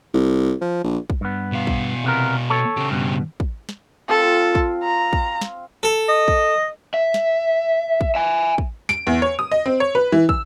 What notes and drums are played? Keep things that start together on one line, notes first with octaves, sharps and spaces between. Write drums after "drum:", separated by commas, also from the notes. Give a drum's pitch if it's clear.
C2
F3
A#1
drum: kick
G2 B3
B2 F5
drum: kick
C3 B3 A#4
A4 C#5
C#3 G4
G2 B2
drum: kick
drum: snare
C4 F4 A4
drum: kick
A#5
drum: kick
drum: snare
A4
D#5
drum: kick
E5
drum: snare
drum: kick
E5 G#5
drum: kick
D7, drum: snare
E2
C#5
D#6
D#5
C4
C#5
B4
E3
E6, drum: kick